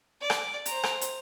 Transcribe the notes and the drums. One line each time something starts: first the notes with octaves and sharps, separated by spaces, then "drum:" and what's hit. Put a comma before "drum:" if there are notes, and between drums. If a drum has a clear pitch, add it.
D5
drum: rim click
C5 A#5, drum: hi-hat
drum: rim click
drum: hi-hat